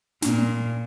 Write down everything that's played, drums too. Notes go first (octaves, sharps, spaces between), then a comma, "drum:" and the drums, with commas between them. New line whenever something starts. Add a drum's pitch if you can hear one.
A#2, drum: snare